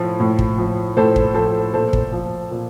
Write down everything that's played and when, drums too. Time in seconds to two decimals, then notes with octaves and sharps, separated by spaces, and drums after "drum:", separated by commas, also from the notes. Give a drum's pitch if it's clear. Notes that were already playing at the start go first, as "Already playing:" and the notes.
Already playing: A2 F3
0.20 A2
0.39 drum: kick
0.58 F3
0.97 A2 A4 C5
1.16 drum: kick
1.35 F3 A4 C5
1.74 A#2 A4 C5
1.93 drum: kick
2.12 F3
2.51 A#2